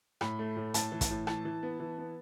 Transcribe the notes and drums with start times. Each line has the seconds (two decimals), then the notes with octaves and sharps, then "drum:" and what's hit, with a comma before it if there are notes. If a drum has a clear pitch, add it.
0.21 A2 B5, drum: rim click
0.39 A3
0.57 A2
0.74 A2 A5, drum: hi-hat
0.92 E3
1.01 drum: kick, hi-hat
1.10 A2
1.27 E3 A5, drum: rim click
1.45 E3
1.63 B3
1.80 E3
1.98 B3